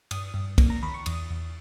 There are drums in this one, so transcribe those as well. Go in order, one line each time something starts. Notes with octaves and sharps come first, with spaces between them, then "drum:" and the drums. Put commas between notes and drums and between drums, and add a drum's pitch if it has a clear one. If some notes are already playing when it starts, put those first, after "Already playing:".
G2 D#6, drum: cymbal
G2
A#3, drum: kick, cymbal
A#5
D#3 B5
C#6
E2 D#6, drum: cymbal
E2